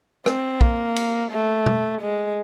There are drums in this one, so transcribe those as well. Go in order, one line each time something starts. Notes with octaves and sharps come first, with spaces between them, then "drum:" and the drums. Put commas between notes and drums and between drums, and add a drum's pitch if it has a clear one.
C4, drum: rim click
A#3, drum: kick
drum: cymbal
A3
drum: tom B2
G#3